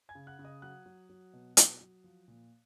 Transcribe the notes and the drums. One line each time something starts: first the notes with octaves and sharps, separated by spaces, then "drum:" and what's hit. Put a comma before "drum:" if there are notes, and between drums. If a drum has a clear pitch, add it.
G#5 G#6
C#3
F#5 F#6
C#3
D#5 D#6
F#3 F#5 F#6
F#3
F#3
B2
F#3, drum: hi-hat
F#3
F3
A#2